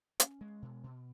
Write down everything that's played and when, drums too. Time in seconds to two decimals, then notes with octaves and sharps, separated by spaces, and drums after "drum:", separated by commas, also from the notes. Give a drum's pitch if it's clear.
0.20 C#4, drum: hi-hat
0.41 G#3
0.62 B2
0.84 B2